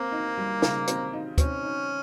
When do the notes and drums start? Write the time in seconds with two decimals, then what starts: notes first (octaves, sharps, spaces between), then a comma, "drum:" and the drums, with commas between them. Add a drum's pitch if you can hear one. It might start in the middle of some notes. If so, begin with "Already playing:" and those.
Already playing: A#3 C4
0.12 D#4
0.37 G3
0.62 C#3, drum: snare
0.88 C4, drum: hi-hat
1.13 D#4
1.38 C4 C#4, drum: kick, hi-hat
1.64 D#4